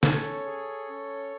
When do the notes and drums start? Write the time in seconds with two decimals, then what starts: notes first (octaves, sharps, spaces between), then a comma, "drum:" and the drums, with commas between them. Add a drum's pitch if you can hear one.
0.03 C#4 A4 C#5, drum: snare
0.46 G#4
0.89 C#4